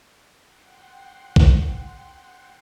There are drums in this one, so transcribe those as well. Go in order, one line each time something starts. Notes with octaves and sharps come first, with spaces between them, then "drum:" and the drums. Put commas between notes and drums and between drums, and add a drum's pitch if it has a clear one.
F#5 G5 C6
drum: kick